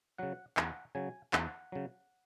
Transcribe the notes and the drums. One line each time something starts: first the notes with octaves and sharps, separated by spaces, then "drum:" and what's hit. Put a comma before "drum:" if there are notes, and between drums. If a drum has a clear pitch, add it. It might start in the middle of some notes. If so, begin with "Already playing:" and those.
C#3 F#3 F#5
E2 F#5, drum: clap
C#3 F#3 G#5
E2 F#5, drum: clap
C#3 F#3